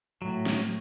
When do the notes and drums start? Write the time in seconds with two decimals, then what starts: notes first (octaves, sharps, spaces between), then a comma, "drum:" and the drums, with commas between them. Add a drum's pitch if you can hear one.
0.22 A2 F#3
0.46 drum: snare